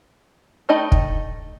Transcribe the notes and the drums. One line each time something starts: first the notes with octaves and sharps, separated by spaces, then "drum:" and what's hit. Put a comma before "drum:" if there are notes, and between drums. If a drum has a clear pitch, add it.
A3 D#4 D#5 G5 B5
drum: kick